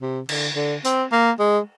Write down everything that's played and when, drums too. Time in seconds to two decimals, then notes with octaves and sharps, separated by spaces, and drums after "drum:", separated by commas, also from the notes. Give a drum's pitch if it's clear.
0.02 C3
0.29 D3, drum: cymbal
0.56 D3
0.85 C4, drum: hi-hat
1.12 A#3
1.40 G#3